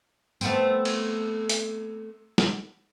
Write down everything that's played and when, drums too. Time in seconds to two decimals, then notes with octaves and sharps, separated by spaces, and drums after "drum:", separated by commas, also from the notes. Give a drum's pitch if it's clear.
0.41 A3 B3 C4, drum: tambourine
0.85 drum: cymbal
1.49 drum: hi-hat
2.38 drum: snare